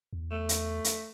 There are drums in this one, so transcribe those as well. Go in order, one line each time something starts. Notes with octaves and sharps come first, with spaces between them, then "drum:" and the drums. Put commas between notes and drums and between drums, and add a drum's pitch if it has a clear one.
E2
A3
drum: hi-hat
drum: hi-hat